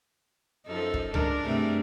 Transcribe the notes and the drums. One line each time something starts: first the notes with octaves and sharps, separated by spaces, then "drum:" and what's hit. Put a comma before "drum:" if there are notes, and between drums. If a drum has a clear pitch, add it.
F#2 F3 D#4 A4
drum: kick
G#3 D4 A#4, drum: tom C#2
G2 C3 A3